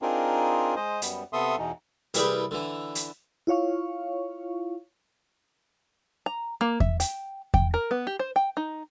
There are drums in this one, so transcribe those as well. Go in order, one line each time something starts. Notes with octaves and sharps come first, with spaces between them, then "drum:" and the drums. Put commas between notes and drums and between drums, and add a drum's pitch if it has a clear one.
C4 D4 D#4 F4 G#4 A#4
G#3 C5 D#5
F#2 G3 B3, drum: hi-hat
C3 B3 A4 E5 C6 D#6
E2 B2 E3 D#4
C2 E3 G3 G#4 B4 G5, drum: hi-hat
D3 E3
drum: hi-hat
E4 F4 C#5 F5 C#6
A#5
A#3
E5, drum: kick E2
G5, drum: hi-hat
G5, drum: kick E2
A#4
B3
G4
C5
G5
D#4